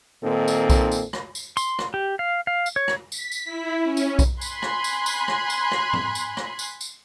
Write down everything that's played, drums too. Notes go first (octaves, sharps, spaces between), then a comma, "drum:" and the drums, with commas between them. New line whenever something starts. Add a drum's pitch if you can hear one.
A#2 D#3 C4 D#4 A4
drum: tambourine
drum: kick B1, tambourine
drum: tambourine
drum: rim click
drum: tambourine
C6, drum: tambourine
drum: rim click
G4
F5
F5
drum: tambourine
C#5
drum: rim click
B6, drum: tambourine
drum: tambourine
E4
C#4
drum: tambourine
drum: kick B1, tambourine
G#5 B5 C6 F#6 G#6, drum: tambourine
drum: rim click
drum: tambourine
drum: tambourine
drum: rim click
drum: tambourine
drum: rim click
drum: tom
drum: tambourine
drum: rim click
drum: tambourine
drum: tambourine